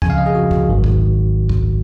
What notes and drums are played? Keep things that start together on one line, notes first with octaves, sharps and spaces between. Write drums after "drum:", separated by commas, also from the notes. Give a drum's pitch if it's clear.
F2 C#3 F3 G#5, drum: kick
F5
D#5
G#4
F2 C#3 F3 F#4
drum: kick
G#1 G#2 D#3 F#3
drum: kick
drum: kick